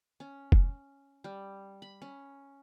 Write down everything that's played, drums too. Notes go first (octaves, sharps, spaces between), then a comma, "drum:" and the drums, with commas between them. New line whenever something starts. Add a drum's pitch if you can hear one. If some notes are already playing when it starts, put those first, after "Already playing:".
C#4
drum: kick F1
G3
B5
C#4